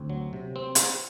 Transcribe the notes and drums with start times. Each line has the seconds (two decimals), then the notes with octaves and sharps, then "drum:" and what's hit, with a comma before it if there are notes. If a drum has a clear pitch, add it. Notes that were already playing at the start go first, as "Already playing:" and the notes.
Already playing: D2 C4
0.10 F#3
0.33 C3
0.56 C4
0.75 drum: hi-hat